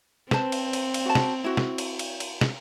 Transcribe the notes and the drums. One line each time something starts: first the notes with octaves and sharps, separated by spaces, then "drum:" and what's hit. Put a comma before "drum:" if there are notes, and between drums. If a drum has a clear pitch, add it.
C4 B4 C5 A5, drum: snare
drum: cymbal
drum: cymbal
drum: cymbal
F#4 A5
drum: snare
E4 F#4
drum: snare
drum: cymbal
drum: cymbal
drum: cymbal
drum: snare